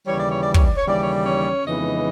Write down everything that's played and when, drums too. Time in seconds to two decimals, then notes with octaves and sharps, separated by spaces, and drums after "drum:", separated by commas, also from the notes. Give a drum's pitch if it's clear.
0.07 D#2 C#3 E3 G3 C#5
0.19 D5
0.31 C#5
0.43 D5
0.54 C#5, drum: kick
0.66 D5
0.78 C#5
0.87 D#2 C#3 E3 G3 D5
1.01 C#5
1.13 D5
1.24 C#4 C#5
1.66 F2 C#3 E3 G#3 B3 D#4 D#5